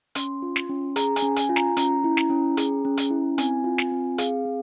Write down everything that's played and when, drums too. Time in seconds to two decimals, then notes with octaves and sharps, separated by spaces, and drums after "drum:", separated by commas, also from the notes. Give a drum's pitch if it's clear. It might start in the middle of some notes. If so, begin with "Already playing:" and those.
0.15 C#4 C6, drum: hi-hat
0.42 F4
0.56 drum: snare
0.69 C#4
0.96 G#4 A#5, drum: hi-hat
1.16 G#5, drum: hi-hat
1.22 C#4
1.36 G#5, drum: hi-hat
1.49 F4
1.56 A#5, drum: snare
1.77 C#4 A#5, drum: hi-hat
2.04 E4
2.17 drum: snare
2.30 C#4
2.57 G#4, drum: hi-hat
2.85 C#4
2.98 drum: hi-hat
3.10 E4
3.38 C4 G#5, drum: hi-hat
3.64 F4
3.78 drum: snare
3.92 C4
4.18 G#4 F5, drum: hi-hat
4.45 C4